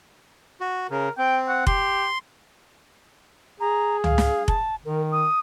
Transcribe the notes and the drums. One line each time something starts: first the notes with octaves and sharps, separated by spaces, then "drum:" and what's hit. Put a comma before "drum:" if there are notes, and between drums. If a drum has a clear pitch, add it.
F#4
C#3 A#4
C4 G5
F#5
G4 C6, drum: kick F1
G#4 A#5
F5, drum: tom C#2
drum: snare
A5, drum: kick F1
D#3 A#4
D#6